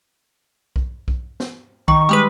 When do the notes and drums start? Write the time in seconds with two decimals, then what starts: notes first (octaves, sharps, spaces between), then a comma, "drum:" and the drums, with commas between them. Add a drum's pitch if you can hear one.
0.76 drum: kick B1
1.08 drum: kick B1
1.40 drum: snare
1.88 D#3 C#6, drum: kick B1
2.09 G3 G#3 B4